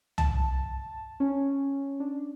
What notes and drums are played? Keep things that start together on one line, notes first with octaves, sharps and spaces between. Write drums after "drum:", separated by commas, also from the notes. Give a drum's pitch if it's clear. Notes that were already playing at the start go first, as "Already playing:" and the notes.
A5, drum: tom
C#4
D4